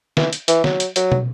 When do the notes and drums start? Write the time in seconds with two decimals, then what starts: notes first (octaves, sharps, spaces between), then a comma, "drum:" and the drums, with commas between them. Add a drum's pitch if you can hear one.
0.17 E3, drum: snare
0.33 drum: hi-hat
0.48 E3, drum: hi-hat
0.64 F#3, drum: snare
0.80 drum: hi-hat
0.96 F#3, drum: hi-hat
1.12 drum: tom